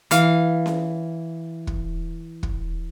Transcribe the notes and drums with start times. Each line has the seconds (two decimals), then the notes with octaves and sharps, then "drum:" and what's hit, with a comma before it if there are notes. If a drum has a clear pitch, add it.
0.11 E3 F5, drum: hi-hat
0.66 drum: snare C#4
1.67 drum: kick
2.43 drum: kick